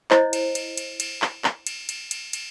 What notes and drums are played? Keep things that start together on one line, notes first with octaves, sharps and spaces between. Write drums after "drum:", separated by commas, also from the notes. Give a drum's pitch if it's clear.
E4 C5 C#5 D#5, drum: clap
drum: cymbal
drum: cymbal
drum: cymbal
drum: cymbal
drum: clap
drum: clap
drum: cymbal
drum: cymbal
drum: cymbal
drum: cymbal